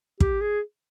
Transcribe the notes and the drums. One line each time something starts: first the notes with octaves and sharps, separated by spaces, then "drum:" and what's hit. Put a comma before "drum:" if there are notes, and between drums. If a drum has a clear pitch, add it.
G4, drum: kick
G#4